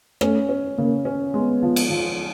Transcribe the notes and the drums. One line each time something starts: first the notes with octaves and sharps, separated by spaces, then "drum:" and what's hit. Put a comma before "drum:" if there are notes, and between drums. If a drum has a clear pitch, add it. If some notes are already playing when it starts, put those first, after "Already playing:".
A3 C#4, drum: rim click
C#4
C#3 A#3
C#4
G#3 B3
F3
drum: cymbal
F3